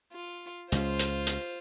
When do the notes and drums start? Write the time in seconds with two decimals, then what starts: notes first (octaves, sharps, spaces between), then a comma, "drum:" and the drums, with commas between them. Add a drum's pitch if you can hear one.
0.13 F4
0.72 C#2 C#3 F4 C5, drum: hi-hat
0.99 drum: hi-hat
1.27 drum: hi-hat